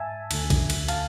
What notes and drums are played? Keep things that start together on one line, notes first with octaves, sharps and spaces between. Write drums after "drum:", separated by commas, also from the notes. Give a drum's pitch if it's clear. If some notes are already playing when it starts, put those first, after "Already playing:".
Already playing: G#2 E5 G#5 A5
D2 D3 A3, drum: cymbal
drum: kick, cymbal
drum: cymbal
F5 A5, drum: cymbal